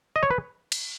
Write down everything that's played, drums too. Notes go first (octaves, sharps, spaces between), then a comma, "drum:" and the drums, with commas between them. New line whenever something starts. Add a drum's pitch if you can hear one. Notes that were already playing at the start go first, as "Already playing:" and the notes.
D#5
C#5
B4
drum: cymbal